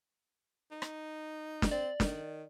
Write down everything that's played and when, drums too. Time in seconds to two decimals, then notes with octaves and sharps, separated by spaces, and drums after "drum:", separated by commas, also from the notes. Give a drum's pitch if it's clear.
0.71 D#4
0.82 drum: rim click
1.62 drum: snare
1.71 C4 D5
2.00 D#3, drum: snare